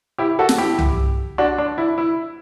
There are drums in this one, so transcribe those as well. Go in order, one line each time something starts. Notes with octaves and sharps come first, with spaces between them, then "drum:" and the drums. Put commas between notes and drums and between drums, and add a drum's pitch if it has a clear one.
E4 G4
F#4 A4
drum: snare
E4 G4
drum: tom C2
D4 F#4
D4
E4
E4